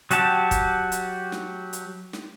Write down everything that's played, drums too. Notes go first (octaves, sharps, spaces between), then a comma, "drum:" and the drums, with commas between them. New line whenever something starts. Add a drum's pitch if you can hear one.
F#3 F#4 G4 A5, drum: hi-hat
drum: kick, hi-hat
drum: hi-hat
drum: snare
drum: hi-hat
drum: snare